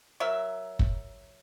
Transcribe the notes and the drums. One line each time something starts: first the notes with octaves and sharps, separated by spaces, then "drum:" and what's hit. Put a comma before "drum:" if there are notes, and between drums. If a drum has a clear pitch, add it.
F#3 A#4 E5
drum: kick